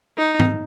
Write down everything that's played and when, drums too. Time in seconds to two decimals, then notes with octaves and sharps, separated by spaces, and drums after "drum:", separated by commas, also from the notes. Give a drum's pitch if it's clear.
0.18 D#4
0.39 drum: tom G#2